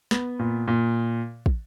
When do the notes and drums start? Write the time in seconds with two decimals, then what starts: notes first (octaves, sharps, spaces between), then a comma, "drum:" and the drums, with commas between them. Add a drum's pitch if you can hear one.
0.11 B3, drum: snare
0.39 A#2
0.68 A#2
1.46 drum: kick